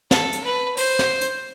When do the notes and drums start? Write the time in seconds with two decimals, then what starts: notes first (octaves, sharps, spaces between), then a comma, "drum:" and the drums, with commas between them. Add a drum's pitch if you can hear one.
0.11 A4, drum: snare
0.33 drum: hi-hat
0.44 B4
0.77 C5, drum: open hi-hat
0.99 drum: snare
1.21 drum: hi-hat